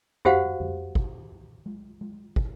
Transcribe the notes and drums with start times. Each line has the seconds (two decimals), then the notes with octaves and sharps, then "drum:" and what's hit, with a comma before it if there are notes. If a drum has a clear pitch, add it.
0.25 F#4 G4 C5 F5 F#5, drum: tom F2
0.60 drum: tom F2
0.95 drum: kick
1.66 drum: tom G#3
2.01 drum: tom G#3
2.36 drum: kick